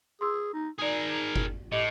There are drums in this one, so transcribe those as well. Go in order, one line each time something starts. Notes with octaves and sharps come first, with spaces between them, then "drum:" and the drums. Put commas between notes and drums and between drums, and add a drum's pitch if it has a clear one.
G#4 C6 E6
D#4
D#4 G#4 A#4 D5 D#6
A#6
drum: kick F#1
A2 G4 D#5